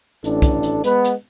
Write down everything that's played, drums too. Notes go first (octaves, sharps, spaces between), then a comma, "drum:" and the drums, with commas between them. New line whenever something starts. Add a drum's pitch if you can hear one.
A1 D4 A4, drum: hi-hat
drum: kick, hi-hat
drum: hi-hat
G#3 B3, drum: hi-hat
drum: hi-hat